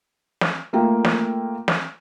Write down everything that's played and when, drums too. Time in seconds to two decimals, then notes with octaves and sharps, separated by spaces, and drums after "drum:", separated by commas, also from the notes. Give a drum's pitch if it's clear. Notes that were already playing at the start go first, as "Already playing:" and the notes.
0.41 drum: snare
0.73 A3 A#3 F4 G5
1.05 drum: snare
1.68 drum: snare